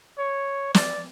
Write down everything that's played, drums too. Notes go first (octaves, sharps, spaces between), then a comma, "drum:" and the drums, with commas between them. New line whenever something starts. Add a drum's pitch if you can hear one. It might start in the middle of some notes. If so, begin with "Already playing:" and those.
C#5
D5, drum: snare